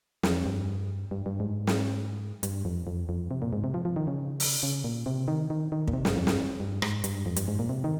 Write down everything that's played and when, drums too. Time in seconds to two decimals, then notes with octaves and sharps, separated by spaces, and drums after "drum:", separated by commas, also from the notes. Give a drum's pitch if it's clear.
0.23 F2, drum: snare
0.46 G2
1.11 G2
1.26 G2
1.40 G#2
1.67 drum: snare
2.43 G2, drum: hi-hat
2.65 F2
2.87 F2
3.09 F2
3.31 C3
3.42 A#2
3.53 G#2
3.64 C3
3.74 F3
3.85 F3
3.96 D#3
4.07 C#3
4.40 drum: open hi-hat
4.63 C#3
4.84 A#2
5.06 C3
5.28 D#3
5.50 D#3
5.72 D#3
5.88 A#2, drum: kick
5.94 C3
6.05 G2, drum: snare
6.16 F2
6.27 G2, drum: snare
6.60 G2
6.82 G#2, drum: rim click
7.04 G2, drum: hi-hat
7.26 F2
7.36 G2, drum: hi-hat
7.48 G#2
7.59 A#2
7.69 C3
7.84 D#3